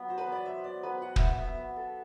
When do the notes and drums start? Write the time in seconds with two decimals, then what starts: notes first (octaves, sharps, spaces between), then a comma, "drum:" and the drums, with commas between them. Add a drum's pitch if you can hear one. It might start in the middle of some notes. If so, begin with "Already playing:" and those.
Already playing: F#3 B3
0.08 F#4 C5
0.18 B4
0.27 B3 D5
0.46 C5 E5
0.64 B3 D5
0.83 B3 B4
1.01 F#4 F#5
1.16 B3 E5, drum: kick
1.30 E5
1.38 B3
1.44 E5
1.57 B3
1.76 A4